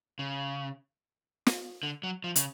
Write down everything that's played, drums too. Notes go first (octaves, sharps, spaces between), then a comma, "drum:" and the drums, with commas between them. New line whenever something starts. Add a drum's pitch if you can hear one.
C#3
drum: snare
D3
F#3
F3
C#3, drum: hi-hat